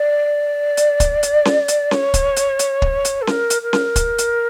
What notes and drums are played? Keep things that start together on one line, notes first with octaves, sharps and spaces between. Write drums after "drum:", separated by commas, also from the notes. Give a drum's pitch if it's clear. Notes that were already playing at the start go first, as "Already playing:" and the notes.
Already playing: D5
drum: hi-hat
drum: kick, hi-hat
drum: hi-hat
drum: snare C#4
drum: hi-hat
C#5, drum: snare C#4
drum: kick, hi-hat
drum: hi-hat
drum: hi-hat
drum: kick
drum: hi-hat
A4
A#4, drum: snare C#4
drum: hi-hat
A#4
drum: snare C#4
drum: kick, hi-hat
drum: hi-hat